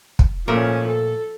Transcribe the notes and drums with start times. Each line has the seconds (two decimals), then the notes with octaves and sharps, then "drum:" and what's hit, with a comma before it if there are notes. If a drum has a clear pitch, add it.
0.19 drum: kick
0.48 A#2 F3 A3 C#4 A#4
0.87 A4